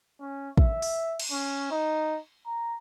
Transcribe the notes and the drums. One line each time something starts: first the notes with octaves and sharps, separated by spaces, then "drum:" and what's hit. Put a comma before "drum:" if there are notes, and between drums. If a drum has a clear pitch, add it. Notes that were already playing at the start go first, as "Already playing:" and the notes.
C#4
E5, drum: kick
drum: open hi-hat
drum: cymbal
C#4
D#4
A#5